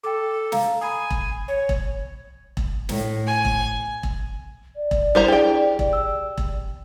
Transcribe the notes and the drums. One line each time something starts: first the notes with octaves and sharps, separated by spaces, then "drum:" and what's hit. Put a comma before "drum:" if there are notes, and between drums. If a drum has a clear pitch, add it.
A4 G5 D6
F5 A#5, drum: snare
G#5 B5 D#6
drum: kick E1
C#5
drum: kick E1
drum: kick E1
A2, drum: snare
G#5
drum: kick E1
drum: kick E1
D5
drum: kick E1
G3 D4 E4 C5 A#5
G4 G#4 G5
drum: kick E1
E6
drum: kick E1